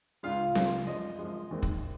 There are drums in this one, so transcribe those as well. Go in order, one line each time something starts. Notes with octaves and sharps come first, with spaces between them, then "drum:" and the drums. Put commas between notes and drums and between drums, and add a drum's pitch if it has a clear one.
C#2 C#3 G#3 F4 F5
C#2 C#3 G#3, drum: snare C4
F#2 F3 G#3 D#5
F#2 F3 G#3
D#2 D#3 G#3 C4
drum: kick